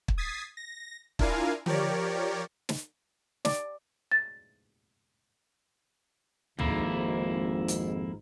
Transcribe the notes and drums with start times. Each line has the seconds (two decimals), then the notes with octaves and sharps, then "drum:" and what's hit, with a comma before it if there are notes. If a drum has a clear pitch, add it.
0.08 drum: kick
0.18 D#6 G#6 A6 B6 C7
0.57 A#6
1.19 D4 E4 F4 A#4 F5 G#5, drum: kick
1.66 F3 G4 A#4 C#5 D5, drum: tom D3
2.69 drum: snare
3.45 D5, drum: snare
4.12 A6
6.59 G#1 F2 G#2 A#3 E4, drum: tom
7.68 drum: hi-hat